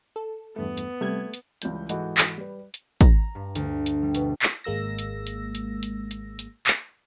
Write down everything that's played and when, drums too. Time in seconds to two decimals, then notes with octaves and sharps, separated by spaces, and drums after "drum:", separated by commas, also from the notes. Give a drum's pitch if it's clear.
0.16 A4
0.56 E2 G2 A3 B3
0.77 drum: hi-hat
1.01 C3 G3 A3 G#6
1.34 drum: hi-hat
1.62 C#2 E3 G3 G6, drum: hi-hat
1.89 G#2 E3 F#4 A4 D#5 F#5, drum: hi-hat
2.18 drum: clap
2.38 G3 B4
2.74 drum: hi-hat
3.01 A#5, drum: kick, hi-hat
3.35 G2
3.55 D2, drum: hi-hat
3.86 drum: hi-hat
4.02 G3
4.15 B2, drum: hi-hat
4.42 drum: clap
4.64 G#1 G#3 A#3 E6 A#6
4.99 drum: hi-hat
5.27 drum: hi-hat
5.55 drum: hi-hat
5.83 drum: hi-hat
6.11 drum: hi-hat
6.39 drum: hi-hat
6.67 drum: clap